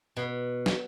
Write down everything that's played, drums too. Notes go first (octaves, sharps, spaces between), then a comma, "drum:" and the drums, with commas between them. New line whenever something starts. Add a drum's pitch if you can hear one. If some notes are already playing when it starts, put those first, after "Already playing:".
B2
drum: snare